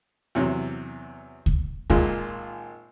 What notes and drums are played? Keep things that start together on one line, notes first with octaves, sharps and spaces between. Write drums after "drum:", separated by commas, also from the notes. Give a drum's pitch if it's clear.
E2 C3 F#3
drum: kick C#2
G#1 A#2 G#3 F4, drum: kick C#2